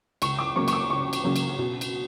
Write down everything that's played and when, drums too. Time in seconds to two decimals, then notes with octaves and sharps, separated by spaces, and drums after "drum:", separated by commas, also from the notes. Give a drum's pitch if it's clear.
0.22 C#2 C#6, drum: cymbal
0.39 D6
0.56 C#3 F#3 A#3 C#6
0.68 C#6, drum: cymbal
0.73 D6
0.90 C#2 C#6
1.13 drum: cymbal
1.24 C#3 F#3 A#3
1.36 drum: cymbal
1.59 B2
1.81 drum: cymbal